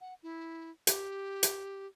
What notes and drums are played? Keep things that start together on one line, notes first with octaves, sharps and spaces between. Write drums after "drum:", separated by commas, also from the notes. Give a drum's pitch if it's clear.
F#5
E4
G4, drum: hi-hat
drum: hi-hat